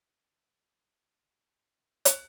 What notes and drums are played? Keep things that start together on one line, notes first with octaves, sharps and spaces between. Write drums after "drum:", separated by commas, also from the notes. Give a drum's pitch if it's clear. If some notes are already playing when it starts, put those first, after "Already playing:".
F4 G#4 E5
drum: hi-hat